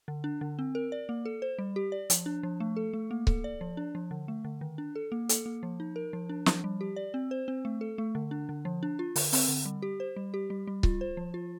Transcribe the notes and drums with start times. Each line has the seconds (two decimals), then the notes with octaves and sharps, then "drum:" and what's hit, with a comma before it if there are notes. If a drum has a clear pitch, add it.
0.08 D3
0.24 D4
0.41 D3
0.59 C4
0.75 A#4
0.92 D5
1.09 A#3
1.25 A4
1.42 C5
1.59 G3
1.76 G4
1.92 D5
2.10 F3, drum: hi-hat
2.26 D4
2.43 F3
2.60 A3
2.76 A4
2.93 A3
3.11 A#3
3.27 A4, drum: kick C#1
3.44 D5
3.61 F3
3.77 D4
3.95 F3
4.11 D3
4.28 A3
4.45 D3
4.61 D#3
4.78 D4
4.96 A4
5.12 A#3
5.29 A4, drum: hi-hat
5.46 A#3
5.63 F3
5.80 D#4
5.96 A#4
6.13 F3
6.29 D4
6.46 F3, drum: snare
6.64 G3
6.81 G4
6.96 D5
7.14 C4
7.31 C5
7.48 C4
7.65 A3
7.81 A4
7.98 A3
8.15 D3
8.31 D4
8.49 D3
8.65 F3
8.83 D4
8.99 F4
9.16 D3, drum: open hi-hat
9.33 C4, drum: open hi-hat
9.49 D3
9.65 G3
9.82 G4
10.00 C5
10.16 G3
10.34 G4
10.50 G3
10.67 G3
10.83 F4, drum: kick C#1
11.01 C5
11.17 F3
11.34 F4